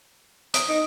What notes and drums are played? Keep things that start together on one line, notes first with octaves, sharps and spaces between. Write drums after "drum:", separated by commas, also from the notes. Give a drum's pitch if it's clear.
D#6 D7, drum: hi-hat
D#4